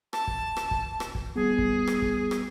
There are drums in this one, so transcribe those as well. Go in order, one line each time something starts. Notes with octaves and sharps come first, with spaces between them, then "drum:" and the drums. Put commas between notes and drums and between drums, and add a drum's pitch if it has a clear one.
A5, drum: rim click
drum: kick
drum: rim click
drum: kick
drum: rim click
drum: kick
G3 B3 G#4
drum: kick
drum: rim click
drum: kick
drum: rim click